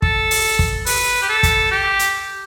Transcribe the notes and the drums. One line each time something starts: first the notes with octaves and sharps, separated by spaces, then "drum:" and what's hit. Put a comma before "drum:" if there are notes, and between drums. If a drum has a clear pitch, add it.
A4, drum: kick
drum: open hi-hat
drum: kick
B4, drum: open hi-hat
G4
A4
drum: kick, hi-hat
G4
drum: hi-hat